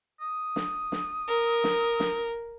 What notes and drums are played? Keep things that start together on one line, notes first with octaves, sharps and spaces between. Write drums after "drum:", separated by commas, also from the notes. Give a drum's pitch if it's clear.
D#6
drum: snare
drum: snare
A#4
drum: snare
drum: snare